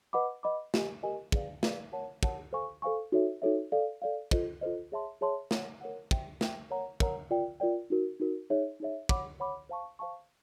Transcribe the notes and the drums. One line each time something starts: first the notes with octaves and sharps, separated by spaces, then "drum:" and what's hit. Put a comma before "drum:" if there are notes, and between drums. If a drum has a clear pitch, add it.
B4 D#5 F#5 B5 D6
B4 D#5 F#5 B5 D6
G4 A#4 D#5 G#5, drum: snare
G4 A#4 D#5 G#5
G#4 B4 D5 F5, drum: kick
G#4 B4 D5 F5, drum: snare
A#4 C#5 F#5 A5
A#4 C#5 F#5 A5, drum: kick
A4 C5 F5 G#5 C#6
A4 C5 F5 G#5 C#6
D#4 F#4 A4 C#5 E5
D#4 F#4 A4 C#5 E5
A4 D5 F5
A4 D5 F5
F4 A4 C5 D#5, drum: kick
F4 A4 C5 D#5
G#4 C#5 E5 A5 C6
G#4 C#5 E5 A5 C6
A#4 C#5 F#5, drum: snare
A#4 C#5 F#5
C5 E5 G5, drum: kick
C5 E5 G5, drum: snare
A#4 C#5 F#5 A#5
A#4 C#5 F#5 A#5, drum: kick
F4 A#4 D5 G5
F4 A#4 D5 G5
D#4 F#4 A#4
D#4 F#4 A#4
D#4 G#4 C#5 E5
D#4 G#4 C#5 E5
C#5 F#5 B5 D6, drum: kick
C#5 F#5 B5 D6
C5 F5 A5 C#6
C5 F5 A5 C#6